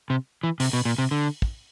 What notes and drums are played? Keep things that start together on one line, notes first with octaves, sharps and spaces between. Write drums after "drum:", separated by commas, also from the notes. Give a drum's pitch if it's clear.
C3
E3
C3, drum: open hi-hat
B2
A#2
C3
D3
drum: kick